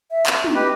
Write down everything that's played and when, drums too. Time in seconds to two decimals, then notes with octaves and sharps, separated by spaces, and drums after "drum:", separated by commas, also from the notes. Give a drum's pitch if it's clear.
0.11 E5
0.26 drum: clap
0.44 drum: tom
0.54 G4 B4 D#5